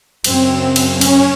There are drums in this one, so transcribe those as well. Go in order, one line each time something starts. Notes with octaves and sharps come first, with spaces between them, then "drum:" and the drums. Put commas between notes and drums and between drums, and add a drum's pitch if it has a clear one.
F#2 C#3 C4, drum: cymbal
drum: cymbal
C#4, drum: cymbal